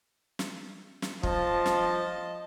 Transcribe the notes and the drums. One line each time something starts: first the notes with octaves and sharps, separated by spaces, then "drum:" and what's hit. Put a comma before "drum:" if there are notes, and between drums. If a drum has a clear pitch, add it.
drum: snare
drum: snare
F3 D#5 A5, drum: kick
drum: snare